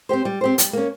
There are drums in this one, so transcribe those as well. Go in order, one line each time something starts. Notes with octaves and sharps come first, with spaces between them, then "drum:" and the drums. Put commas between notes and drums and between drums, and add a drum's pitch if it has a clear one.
C4 G4 C5
G3
C4 G4 C5
G3, drum: hi-hat
A#3 C#4